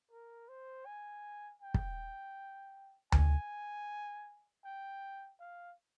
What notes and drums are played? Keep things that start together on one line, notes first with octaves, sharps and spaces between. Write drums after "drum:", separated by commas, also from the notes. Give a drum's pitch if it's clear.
A#4
C5
G#5
G5
drum: kick
G#5, drum: tom D2
G5
F5